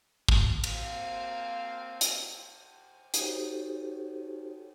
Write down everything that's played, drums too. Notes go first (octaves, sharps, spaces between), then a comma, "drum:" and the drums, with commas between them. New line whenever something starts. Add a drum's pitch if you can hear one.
drum: kick
A#3 C4 F5, drum: cymbal
drum: hi-hat
D#4 F#4 G4 A4 C5 C#5, drum: hi-hat